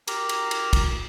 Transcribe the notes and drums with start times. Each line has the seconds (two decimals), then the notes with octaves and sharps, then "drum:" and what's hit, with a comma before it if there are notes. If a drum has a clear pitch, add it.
0.08 G4 A#4 A#5, drum: cymbal
0.29 drum: cymbal
0.51 drum: cymbal
0.73 drum: kick, cymbal